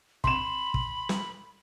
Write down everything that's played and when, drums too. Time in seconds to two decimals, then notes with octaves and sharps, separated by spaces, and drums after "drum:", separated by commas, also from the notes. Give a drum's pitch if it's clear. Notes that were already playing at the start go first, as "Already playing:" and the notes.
0.24 B5 C6 E7, drum: kick
0.74 drum: kick
1.09 drum: snare